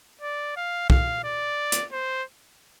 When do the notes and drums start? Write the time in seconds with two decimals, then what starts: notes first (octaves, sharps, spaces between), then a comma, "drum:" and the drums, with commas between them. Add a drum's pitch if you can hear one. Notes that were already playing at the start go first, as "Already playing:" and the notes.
0.22 D5
0.57 F5
0.90 F5, drum: kick
1.24 D5
1.72 drum: hi-hat
1.92 C5